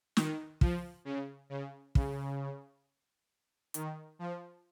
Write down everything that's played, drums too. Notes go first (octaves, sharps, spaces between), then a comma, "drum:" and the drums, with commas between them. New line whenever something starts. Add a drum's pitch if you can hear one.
D#3, drum: snare
F3, drum: kick
C#3
C#3
C#3, drum: kick
D#3, drum: hi-hat
F3